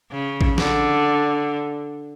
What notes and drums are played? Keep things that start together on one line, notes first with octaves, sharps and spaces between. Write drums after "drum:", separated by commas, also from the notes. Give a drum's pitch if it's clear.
C#3
drum: kick A1
D3, drum: snare